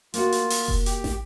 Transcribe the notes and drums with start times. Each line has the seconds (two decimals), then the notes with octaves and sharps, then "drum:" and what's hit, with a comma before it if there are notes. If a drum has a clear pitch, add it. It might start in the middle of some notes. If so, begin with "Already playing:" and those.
0.14 A#3 F4 F#4, drum: hi-hat
0.32 drum: hi-hat
0.50 drum: open hi-hat
0.68 drum: kick F1
0.86 G4, drum: hi-hat
1.04 drum: snare